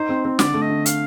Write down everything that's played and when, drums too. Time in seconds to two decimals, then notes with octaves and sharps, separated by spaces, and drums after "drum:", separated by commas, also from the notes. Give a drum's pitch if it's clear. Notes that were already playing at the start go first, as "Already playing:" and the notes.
Already playing: D#4 C5
0.09 C4
0.25 C4
0.39 D3 D5, drum: snare
0.54 A3
0.62 D#5
0.69 D3
0.86 F5, drum: hi-hat